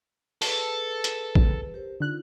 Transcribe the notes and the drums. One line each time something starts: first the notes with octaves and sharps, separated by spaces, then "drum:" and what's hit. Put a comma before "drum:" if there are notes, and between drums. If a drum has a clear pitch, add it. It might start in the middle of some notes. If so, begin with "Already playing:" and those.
G#4 A4 B4, drum: open hi-hat
drum: hi-hat
drum: kick A#1
G4 A#4 C5
D3 D#4 F4 F#6